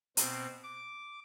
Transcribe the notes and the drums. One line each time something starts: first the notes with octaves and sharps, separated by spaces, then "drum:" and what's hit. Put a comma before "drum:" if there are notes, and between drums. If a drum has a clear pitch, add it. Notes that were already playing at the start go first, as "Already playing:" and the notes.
B2 C4, drum: hi-hat
D6